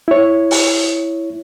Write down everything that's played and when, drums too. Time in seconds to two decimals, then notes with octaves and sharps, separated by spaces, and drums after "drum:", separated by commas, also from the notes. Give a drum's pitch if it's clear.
0.08 E4 C#5
0.51 drum: open hi-hat